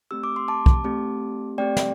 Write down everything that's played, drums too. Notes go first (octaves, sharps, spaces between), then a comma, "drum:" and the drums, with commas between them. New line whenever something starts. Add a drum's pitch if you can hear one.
A3 C4 G4 E6
D6
C6
A5 D6
drum: kick B1
A3 C4 G4
A3 C4 G4 D5 G5
drum: snare